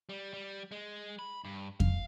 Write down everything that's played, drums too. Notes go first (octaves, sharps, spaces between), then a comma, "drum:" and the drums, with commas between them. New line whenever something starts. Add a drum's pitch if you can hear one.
G3
G3
G#3
B5
G2
F5, drum: kick F2